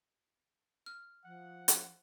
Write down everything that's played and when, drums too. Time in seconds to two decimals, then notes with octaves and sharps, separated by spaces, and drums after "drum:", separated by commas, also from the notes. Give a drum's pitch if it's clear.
0.86 F6
1.25 F3 F#5
1.68 drum: hi-hat